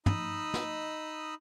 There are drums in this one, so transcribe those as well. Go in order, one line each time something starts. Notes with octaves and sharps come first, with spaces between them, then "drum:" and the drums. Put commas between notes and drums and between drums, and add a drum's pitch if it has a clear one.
D#4 D#5 B5 D#6 E6, drum: tom
drum: snare